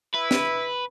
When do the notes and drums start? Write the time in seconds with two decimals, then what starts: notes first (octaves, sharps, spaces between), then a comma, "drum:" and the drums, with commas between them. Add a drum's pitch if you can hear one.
0.14 E4 B4
0.31 drum: snare